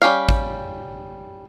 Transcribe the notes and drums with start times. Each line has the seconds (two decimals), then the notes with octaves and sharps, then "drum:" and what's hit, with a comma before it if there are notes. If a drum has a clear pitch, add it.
0.02 G3 C#4 G4 F5
0.29 drum: kick